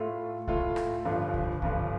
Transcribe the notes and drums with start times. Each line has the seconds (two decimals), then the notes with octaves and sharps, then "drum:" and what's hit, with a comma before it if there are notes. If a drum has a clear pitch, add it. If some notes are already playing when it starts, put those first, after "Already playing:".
Already playing: A2 A3 F4 A4
0.48 A2 A3 F4 A4, drum: kick C2
0.76 drum: rim click
1.05 G1 G2 D3 F3
1.34 drum: kick C2
1.62 G1 G2 D3 F3, drum: kick C2